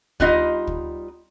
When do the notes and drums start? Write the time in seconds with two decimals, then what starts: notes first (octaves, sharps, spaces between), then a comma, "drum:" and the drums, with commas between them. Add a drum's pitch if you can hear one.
0.20 G3 B3 D#4 F4 D#5, drum: kick
0.67 drum: kick